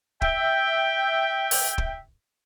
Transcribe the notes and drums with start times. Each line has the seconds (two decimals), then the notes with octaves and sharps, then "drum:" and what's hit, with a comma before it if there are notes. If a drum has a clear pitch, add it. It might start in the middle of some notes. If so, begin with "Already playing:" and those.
0.22 E5 G5, drum: kick
1.51 drum: open hi-hat
1.78 drum: kick